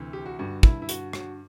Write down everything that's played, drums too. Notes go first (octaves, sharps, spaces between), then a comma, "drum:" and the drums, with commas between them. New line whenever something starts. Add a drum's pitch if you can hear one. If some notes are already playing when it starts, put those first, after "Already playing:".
Already playing: D2 C3 E3
G4
F#4
G2 D3 F#4
E4, drum: kick
E4
F#4, drum: hi-hat
F#4, drum: rim click